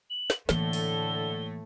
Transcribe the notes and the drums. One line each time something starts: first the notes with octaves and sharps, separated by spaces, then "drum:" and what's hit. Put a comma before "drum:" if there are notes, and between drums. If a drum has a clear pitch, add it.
F#7
drum: snare
A2 D3 E3 A3 A#3 A4 G7, drum: snare
drum: open hi-hat